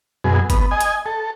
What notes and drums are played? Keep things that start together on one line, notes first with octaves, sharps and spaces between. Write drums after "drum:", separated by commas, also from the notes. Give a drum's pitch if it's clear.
F#2 B2 G#4
B3, drum: kick G1, hi-hat
D#5 G#5
drum: hi-hat
A4